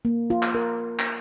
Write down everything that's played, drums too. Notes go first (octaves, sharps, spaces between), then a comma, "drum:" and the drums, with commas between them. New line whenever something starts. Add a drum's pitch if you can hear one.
A#3
F4
drum: clap
A#4
drum: clap